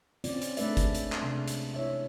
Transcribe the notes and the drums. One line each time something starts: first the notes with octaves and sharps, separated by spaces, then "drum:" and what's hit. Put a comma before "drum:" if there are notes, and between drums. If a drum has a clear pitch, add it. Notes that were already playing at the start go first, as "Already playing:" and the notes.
C4 C#4 F4 D5, drum: hi-hat
drum: hi-hat
G#3 A3 D4 B4 D5 E5, drum: hi-hat
drum: kick, hi-hat
drum: hi-hat
drum: clap
C3 G#3 D4
drum: hi-hat
E4 C#5 E5